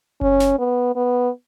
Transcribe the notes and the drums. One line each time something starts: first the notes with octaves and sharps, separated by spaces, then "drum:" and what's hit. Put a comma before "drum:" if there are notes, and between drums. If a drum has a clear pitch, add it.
C#4, drum: kick F#1
drum: snare
B3
B3